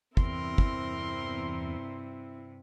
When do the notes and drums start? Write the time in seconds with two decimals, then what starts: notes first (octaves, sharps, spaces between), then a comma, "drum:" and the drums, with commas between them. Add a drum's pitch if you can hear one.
0.17 E2 G2 C3 C4 E4 A#4 C6, drum: kick
0.58 drum: kick